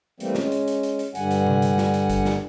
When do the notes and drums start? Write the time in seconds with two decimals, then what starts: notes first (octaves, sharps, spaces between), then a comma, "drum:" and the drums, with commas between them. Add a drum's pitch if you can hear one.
0.20 E3 G3 A3 A#3 C4, drum: hi-hat
0.35 G#3 C#4, drum: snare
0.52 drum: hi-hat
0.68 drum: hi-hat
0.83 drum: hi-hat
0.99 drum: hi-hat
1.15 G2 D3 G3 F#5 G#5, drum: hi-hat
1.31 drum: hi-hat
1.46 drum: tom C3
1.62 drum: hi-hat
1.78 drum: snare
1.94 drum: hi-hat
2.10 drum: kick G1, hi-hat
2.25 drum: snare